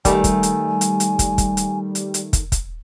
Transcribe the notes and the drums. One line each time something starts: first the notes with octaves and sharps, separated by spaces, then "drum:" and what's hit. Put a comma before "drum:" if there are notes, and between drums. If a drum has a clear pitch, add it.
D#3 G3 A3 G#5, drum: kick, hi-hat
drum: kick, hi-hat
drum: hi-hat
drum: hi-hat
drum: hi-hat
drum: kick, hi-hat
drum: kick, hi-hat
drum: hi-hat
drum: hi-hat
drum: hi-hat
drum: kick, hi-hat
drum: kick, hi-hat